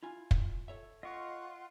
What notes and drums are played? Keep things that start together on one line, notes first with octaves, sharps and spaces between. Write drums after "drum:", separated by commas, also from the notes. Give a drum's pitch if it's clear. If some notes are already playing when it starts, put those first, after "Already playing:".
E4 F4 G#5
drum: kick
A4 C#5 E5
F4 D#5 F#5 C#6